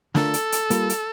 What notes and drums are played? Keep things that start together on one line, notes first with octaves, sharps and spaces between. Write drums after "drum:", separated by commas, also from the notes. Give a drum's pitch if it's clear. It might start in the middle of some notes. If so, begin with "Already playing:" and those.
D3 A3 D4 F4 A4 A#4, drum: snare
drum: hi-hat
drum: hi-hat
G3 A#3 F4, drum: hi-hat
drum: hi-hat